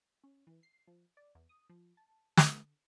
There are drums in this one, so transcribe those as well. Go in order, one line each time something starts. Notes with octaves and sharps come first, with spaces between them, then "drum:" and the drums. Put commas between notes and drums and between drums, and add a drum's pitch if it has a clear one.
C#4
E3
C7
F3
D5
E2
D#6
F3
A5
drum: snare
D3